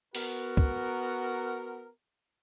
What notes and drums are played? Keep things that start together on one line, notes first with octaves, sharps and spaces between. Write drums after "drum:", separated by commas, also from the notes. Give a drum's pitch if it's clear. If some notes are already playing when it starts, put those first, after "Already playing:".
B3 F#4 A#4, drum: open hi-hat
drum: kick C#2